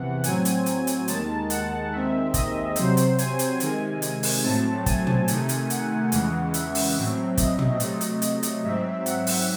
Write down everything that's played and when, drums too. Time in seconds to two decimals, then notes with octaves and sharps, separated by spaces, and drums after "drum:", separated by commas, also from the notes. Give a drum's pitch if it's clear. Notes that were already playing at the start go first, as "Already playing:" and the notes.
Already playing: E2 C3 E3 F#5
0.24 A2 F#3 C4 G#5, drum: hi-hat
0.45 drum: hi-hat
0.66 drum: hi-hat
0.87 drum: hi-hat
1.08 D#2 D#3 G#3 A5, drum: hi-hat
1.50 F#5, drum: hi-hat
1.92 D#2 D#3 G#3 C4 E5
2.34 D#5, drum: kick, hi-hat
2.76 C3 F#3 C4 C5, drum: hi-hat
2.97 drum: hi-hat
3.19 G#5, drum: hi-hat
3.39 drum: hi-hat
3.60 C3 D#3 G#3 G#5, drum: hi-hat
4.02 drum: hi-hat
4.23 drum: open hi-hat
4.44 A2 F#3 A3 C4 A5
4.86 G#5, drum: kick, hi-hat
5.07 drum: tom
5.28 C3 D#3 A3, drum: hi-hat
5.49 drum: hi-hat
5.70 F#5, drum: hi-hat
6.12 E2 C#3 E3 G#3, drum: hi-hat
6.54 E5, drum: hi-hat
6.75 drum: open hi-hat
6.96 A2 F#3 C4
7.37 D#5, drum: kick, hi-hat
7.59 drum: tom
7.80 C3 F#3 A3, drum: hi-hat
8.01 drum: hi-hat
8.22 drum: hi-hat
8.43 drum: hi-hat
8.64 G#2 F#3 C4 E5
9.06 F#5, drum: hi-hat
9.27 drum: open hi-hat